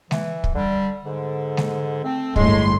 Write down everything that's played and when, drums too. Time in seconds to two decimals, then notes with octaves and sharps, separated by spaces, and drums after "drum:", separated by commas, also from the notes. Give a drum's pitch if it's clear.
0.11 E3, drum: snare G#3
0.44 drum: kick
0.54 D3 G3
1.05 G#2 D3
1.57 drum: snare G#3
2.04 A3 C4
2.36 G1 A2 G#3 C6, drum: kick